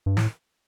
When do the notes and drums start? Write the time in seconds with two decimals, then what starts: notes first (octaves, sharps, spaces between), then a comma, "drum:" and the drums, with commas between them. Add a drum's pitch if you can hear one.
0.06 G2
0.17 A2, drum: snare